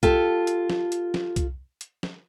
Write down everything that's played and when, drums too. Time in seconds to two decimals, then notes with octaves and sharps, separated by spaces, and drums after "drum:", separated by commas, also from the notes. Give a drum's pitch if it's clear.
0.03 F4 G4 A4, drum: kick C2, hi-hat
0.47 drum: hi-hat
0.70 drum: snare
0.92 drum: hi-hat
1.14 drum: snare
1.36 drum: kick C2, hi-hat
1.81 drum: hi-hat
2.03 drum: snare